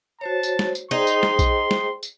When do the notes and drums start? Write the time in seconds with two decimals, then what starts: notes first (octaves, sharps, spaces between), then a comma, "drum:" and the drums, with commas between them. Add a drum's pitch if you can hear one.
0.21 F#4 C5 C#5 A5
0.43 drum: tambourine
0.59 drum: snare
0.75 drum: tambourine
0.91 D#4 G#4 C5 G5 C6
1.07 drum: tambourine
1.23 drum: snare
1.39 drum: kick A#1, tambourine
1.71 drum: snare
2.03 drum: tambourine